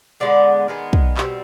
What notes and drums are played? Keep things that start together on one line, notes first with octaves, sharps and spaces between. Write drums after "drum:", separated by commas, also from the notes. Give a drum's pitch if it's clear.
D3 G#3 B3 D5
D#3 G#3 B3
drum: kick
B2 G3 C4, drum: clap